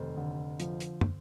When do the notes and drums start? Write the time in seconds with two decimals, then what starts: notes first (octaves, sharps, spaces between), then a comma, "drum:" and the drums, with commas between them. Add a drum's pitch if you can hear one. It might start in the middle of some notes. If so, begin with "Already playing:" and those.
Already playing: F1 D#2 C5
0.17 D3
0.60 F3, drum: hi-hat
0.80 drum: hi-hat
1.01 drum: tom